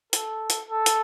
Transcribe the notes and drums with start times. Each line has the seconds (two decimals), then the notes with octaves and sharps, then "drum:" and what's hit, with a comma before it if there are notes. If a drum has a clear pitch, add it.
0.13 A4, drum: hi-hat
0.50 drum: hi-hat
0.68 A4
0.86 drum: hi-hat